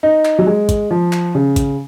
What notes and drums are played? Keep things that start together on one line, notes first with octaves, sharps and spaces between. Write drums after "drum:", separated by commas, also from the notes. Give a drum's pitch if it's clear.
D#4
drum: clap
F#3
G#3
drum: kick, hi-hat
F3
drum: clap
C#3
drum: kick, hi-hat